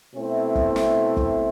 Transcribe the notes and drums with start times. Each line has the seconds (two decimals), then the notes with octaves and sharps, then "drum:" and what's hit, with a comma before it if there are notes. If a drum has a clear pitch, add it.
0.14 B2 A3 C4 E4
0.55 drum: kick
0.76 drum: snare
1.17 drum: kick